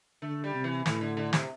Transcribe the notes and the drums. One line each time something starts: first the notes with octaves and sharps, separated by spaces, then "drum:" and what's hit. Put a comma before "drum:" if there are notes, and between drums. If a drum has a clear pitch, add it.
D3 A3
G3
C3
E3
A2 E3, drum: snare
D3
D3
C3, drum: snare